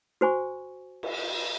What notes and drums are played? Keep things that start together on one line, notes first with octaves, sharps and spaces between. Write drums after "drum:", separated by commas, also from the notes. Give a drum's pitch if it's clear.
F#4 C5 G#5 C#6
drum: cymbal